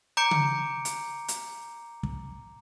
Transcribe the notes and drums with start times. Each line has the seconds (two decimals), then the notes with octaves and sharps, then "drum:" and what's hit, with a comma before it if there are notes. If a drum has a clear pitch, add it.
0.17 A#5 D6 G6 C#7 D7
0.31 drum: tom C#3
0.85 drum: hi-hat
1.28 drum: hi-hat
2.03 drum: kick